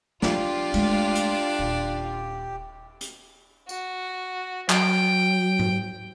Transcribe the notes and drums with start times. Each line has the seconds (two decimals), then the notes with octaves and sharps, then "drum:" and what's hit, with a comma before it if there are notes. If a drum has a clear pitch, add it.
0.22 F3 B3 D4 F4 G4, drum: snare
0.74 G#3 A3, drum: cymbal
1.15 drum: hi-hat
1.59 D#1
3.01 drum: hi-hat
3.69 F#4, drum: tambourine
4.70 F#3 G5, drum: clap
5.59 drum: tom G#2